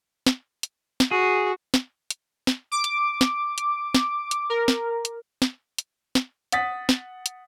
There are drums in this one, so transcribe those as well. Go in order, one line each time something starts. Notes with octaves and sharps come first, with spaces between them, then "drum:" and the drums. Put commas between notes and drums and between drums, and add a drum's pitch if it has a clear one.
drum: snare
drum: hi-hat
drum: snare
F#4 G#4
drum: snare
drum: hi-hat
drum: snare
D6
drum: hi-hat
drum: snare
drum: hi-hat
drum: snare
drum: hi-hat
A#4
drum: snare
drum: hi-hat
drum: snare
drum: hi-hat
drum: snare
F#5 D#6 A6 B6, drum: hi-hat
drum: snare
drum: hi-hat